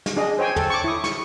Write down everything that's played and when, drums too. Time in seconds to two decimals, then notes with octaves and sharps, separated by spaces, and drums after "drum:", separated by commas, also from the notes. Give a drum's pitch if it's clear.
0.06 drum: snare
0.17 D4 G#4 D#5
0.39 C5 C#5 G5 G#5
0.56 A4, drum: tom
0.70 C#6 D6
0.84 E4 D#6
1.04 C#6, drum: snare